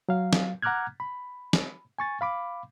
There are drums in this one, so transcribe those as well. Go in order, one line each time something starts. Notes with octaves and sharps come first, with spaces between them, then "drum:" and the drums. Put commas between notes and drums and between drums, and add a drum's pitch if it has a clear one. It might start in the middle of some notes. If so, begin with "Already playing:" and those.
F#3 F5
drum: snare
F#5 A#5 D6 F6 F#6 G#6
B5
drum: snare
G#5 C#6 A6
F5 B5 D6